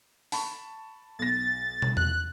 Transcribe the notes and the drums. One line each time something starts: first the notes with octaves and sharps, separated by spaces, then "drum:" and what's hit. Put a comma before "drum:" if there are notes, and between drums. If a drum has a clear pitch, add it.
A5 B5 C#6, drum: open hi-hat
B1 A6 A#6
drum: tom
F#6, drum: tom E2